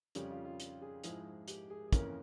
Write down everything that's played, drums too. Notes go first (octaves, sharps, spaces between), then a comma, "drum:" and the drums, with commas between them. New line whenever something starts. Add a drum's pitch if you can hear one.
F2 C#3 G3 C#4 G4, drum: hi-hat
F4
F4
drum: hi-hat
G#4
G#2 F3 G#3 E4 G#4, drum: hi-hat
G4, drum: hi-hat
G#4
G#4
F2 C#3 E3 A#3 C#4 A#4, drum: kick, hi-hat